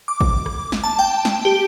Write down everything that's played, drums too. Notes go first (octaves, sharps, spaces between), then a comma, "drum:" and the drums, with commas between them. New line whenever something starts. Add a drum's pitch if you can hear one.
D6
drum: kick
drum: rim click
drum: snare
A5
G5
drum: snare
G4